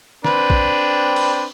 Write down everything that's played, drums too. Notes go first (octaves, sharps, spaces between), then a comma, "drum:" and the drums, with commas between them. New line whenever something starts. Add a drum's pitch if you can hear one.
C4 D4 B4, drum: snare
drum: kick
drum: cymbal